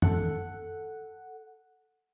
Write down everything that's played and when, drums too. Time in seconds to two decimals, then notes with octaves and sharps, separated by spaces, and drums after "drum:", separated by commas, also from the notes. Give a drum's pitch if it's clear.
0.02 A4 F#5, drum: tom F#2